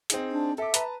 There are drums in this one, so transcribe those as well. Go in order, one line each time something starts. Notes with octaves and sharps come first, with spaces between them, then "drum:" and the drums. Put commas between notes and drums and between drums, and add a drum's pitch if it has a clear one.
C4 D#4 G#4, drum: hi-hat
D4
A4 E5 D6
B4 A5 A#5, drum: hi-hat